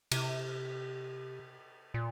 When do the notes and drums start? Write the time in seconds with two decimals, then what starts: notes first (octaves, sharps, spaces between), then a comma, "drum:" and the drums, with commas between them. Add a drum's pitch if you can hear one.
0.11 C3, drum: cymbal
1.94 A#2